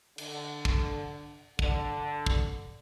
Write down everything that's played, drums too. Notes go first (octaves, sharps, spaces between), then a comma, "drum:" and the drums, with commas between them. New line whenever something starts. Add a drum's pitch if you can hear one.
D3, drum: cymbal
drum: kick
D3, drum: kick
drum: kick